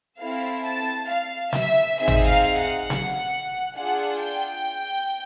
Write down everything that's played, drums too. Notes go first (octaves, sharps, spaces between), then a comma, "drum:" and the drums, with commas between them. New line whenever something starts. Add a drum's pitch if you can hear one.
C4 E4 A4 F5
A5
F5
E5, drum: snare
C4 D#4 G#4 E5
drum: tom G#1
F5
F#5
drum: snare
D4 F4 G#4 F#5
G5